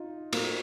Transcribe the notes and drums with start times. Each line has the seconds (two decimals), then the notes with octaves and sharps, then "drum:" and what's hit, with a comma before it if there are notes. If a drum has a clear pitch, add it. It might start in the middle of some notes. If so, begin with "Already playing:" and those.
Already playing: D#4 F4
0.33 A#3, drum: cymbal